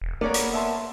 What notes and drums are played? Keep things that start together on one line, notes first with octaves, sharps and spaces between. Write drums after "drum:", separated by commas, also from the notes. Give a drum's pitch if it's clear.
E1
A#3 B3 A#4 C#5 D5
drum: hi-hat
E5 A5 C6